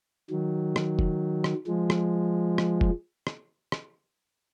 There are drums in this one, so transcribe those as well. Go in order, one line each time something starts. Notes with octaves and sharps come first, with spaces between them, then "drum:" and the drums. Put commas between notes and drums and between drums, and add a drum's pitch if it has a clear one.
D#3 F#3
drum: rim click
drum: kick
drum: rim click
F3 G#3
drum: rim click
drum: rim click
drum: kick
drum: rim click
drum: rim click